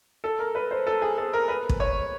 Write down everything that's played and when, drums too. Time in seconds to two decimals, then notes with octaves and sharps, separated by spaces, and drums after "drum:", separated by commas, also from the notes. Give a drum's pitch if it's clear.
0.24 A4
0.39 A#4
0.55 B4
0.71 C5
0.87 A4
1.02 G#4
1.18 A4
1.33 A#4
1.48 B4
1.69 drum: kick
1.80 C#5